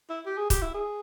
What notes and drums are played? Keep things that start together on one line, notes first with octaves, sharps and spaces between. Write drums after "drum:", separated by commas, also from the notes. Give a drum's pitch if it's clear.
E4
G4
G#4
G4, drum: kick, hi-hat
E4
G#4